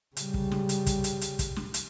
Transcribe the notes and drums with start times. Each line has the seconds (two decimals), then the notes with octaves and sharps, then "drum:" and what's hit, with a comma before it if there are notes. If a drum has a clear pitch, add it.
0.17 C#3 G3, drum: hi-hat
0.34 drum: kick
0.52 drum: snare
0.69 drum: hi-hat
0.86 drum: kick, hi-hat
1.04 drum: hi-hat
1.21 drum: hi-hat
1.39 drum: kick, hi-hat
1.56 drum: snare
1.74 drum: hi-hat